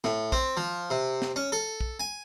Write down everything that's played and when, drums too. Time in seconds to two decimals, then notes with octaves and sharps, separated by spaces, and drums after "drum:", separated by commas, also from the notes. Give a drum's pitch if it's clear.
0.04 A2, drum: snare
0.32 C4, drum: kick
0.57 F3
0.90 C3
1.22 drum: snare
1.36 C#4
1.52 A4
1.81 drum: kick
2.00 G#5